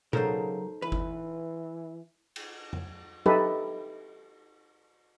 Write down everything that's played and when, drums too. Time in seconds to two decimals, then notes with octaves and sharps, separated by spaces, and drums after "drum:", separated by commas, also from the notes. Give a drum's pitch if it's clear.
0.13 C#3 F#3 D#4 A4 A#4 C5, drum: tom B2
0.82 E3 B4
0.92 drum: kick G1
2.36 drum: cymbal
2.73 drum: tom F2
3.26 D#4 G4 A4 B4 E5, drum: tom